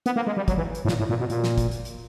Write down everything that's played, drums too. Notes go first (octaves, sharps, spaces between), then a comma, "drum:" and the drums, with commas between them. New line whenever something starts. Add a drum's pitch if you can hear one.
B3, drum: hi-hat
A#3
G#3
G3
F#3, drum: kick, hi-hat
E3
drum: hi-hat
A2
A#2, drum: snare
A2
A#2
B2
A#2, drum: hi-hat
drum: snare
drum: kick, hi-hat
drum: hi-hat
drum: hi-hat